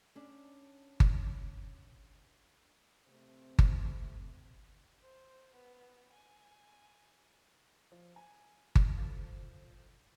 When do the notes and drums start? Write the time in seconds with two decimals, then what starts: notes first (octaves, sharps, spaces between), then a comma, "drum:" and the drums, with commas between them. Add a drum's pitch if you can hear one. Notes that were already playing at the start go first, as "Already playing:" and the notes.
0.15 C#4 D4
1.00 drum: kick G1
3.07 C3 A3 C4
3.59 drum: kick G1
5.02 C5
5.54 B3
6.13 G#5
7.92 F3
8.16 G#5
8.75 drum: kick G1
8.97 F#2 A#2 D3 F3 A4 A6